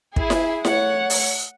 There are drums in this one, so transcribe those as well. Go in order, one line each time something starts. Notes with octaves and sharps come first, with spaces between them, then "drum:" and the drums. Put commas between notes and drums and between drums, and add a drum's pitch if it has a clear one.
E4 G#4, drum: kick
drum: snare E4
A3 C#5 F#5, drum: snare E4
drum: open hi-hat